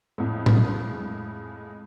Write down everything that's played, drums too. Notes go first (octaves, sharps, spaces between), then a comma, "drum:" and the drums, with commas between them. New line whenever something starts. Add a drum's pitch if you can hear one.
F2 A2 G#3
drum: tom A2